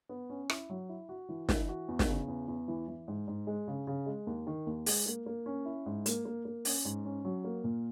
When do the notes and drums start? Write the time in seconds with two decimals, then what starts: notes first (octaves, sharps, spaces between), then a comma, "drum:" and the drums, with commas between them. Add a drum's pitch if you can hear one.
0.09 B3
0.30 C#4
0.50 E4, drum: rim click
0.70 F#3
0.89 E4
1.09 F#4
1.29 E3
1.49 E3, drum: snare
1.69 F#4
1.88 E2
1.99 drum: snare
2.08 C#3
2.28 E2
2.48 E2
2.68 E3
2.88 E3
3.08 G#2
3.27 G#2
3.47 G#3
3.68 C#3
3.87 C#3
4.06 G#3
4.27 D#2
4.47 D#3
4.67 D#2
4.86 G#3, drum: open hi-hat
5.06 A#3
5.26 A#3
5.46 C#4
5.65 E4
5.86 G#2
6.06 A#3, drum: hi-hat
6.25 A#3
6.45 A#3
6.65 C#4, drum: open hi-hat
6.85 G#2
7.05 C#4
7.25 F#3
7.44 A#3
7.64 A#2